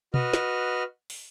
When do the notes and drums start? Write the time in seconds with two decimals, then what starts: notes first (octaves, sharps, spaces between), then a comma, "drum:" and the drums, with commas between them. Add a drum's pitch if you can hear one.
0.14 F#4 B4 D#5 F6, drum: tom B2
0.33 drum: snare
1.10 drum: open hi-hat